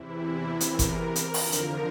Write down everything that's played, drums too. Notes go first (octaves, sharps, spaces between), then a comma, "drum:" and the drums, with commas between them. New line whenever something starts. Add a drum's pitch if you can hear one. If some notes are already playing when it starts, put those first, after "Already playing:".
Already playing: E2 C3 E3 E4
A#4, drum: hi-hat
drum: kick G1, hi-hat
drum: hi-hat
F2 D3 F3, drum: open hi-hat
drum: hi-hat